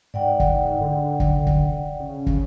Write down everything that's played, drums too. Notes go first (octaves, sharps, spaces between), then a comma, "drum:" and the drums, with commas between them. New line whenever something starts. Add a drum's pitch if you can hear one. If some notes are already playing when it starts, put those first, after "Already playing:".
G#2 D5 F#5 G5
drum: kick
D3
drum: kick
drum: kick
C#3
drum: kick